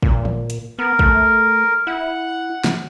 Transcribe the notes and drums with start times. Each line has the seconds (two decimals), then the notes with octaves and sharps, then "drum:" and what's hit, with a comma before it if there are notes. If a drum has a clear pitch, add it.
0.02 A#2, drum: kick
0.25 drum: tom D3
0.50 drum: hi-hat
0.79 B3 A#4
0.99 A3, drum: kick
1.87 E4 F#5
2.64 drum: snare